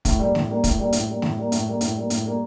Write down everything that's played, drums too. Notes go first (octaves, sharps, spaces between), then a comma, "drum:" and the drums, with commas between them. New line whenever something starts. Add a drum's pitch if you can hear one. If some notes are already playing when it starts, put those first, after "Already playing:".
A2, drum: kick, hi-hat
G3 A#3
A2, drum: snare A3
G3 A#3
A2, drum: kick, hi-hat
G3 A#3
A2, drum: hi-hat
G3 A#3
A2, drum: snare A3
G3 A#3
A2, drum: hi-hat
G3 A#3
A2, drum: hi-hat
G3 A#3
A2, drum: hi-hat
G3 A#3